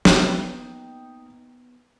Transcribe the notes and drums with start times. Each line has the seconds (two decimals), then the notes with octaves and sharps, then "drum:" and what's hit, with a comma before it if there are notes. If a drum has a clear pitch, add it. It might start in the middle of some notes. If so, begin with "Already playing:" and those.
0.05 A#3 B3 D#4 G5, drum: snare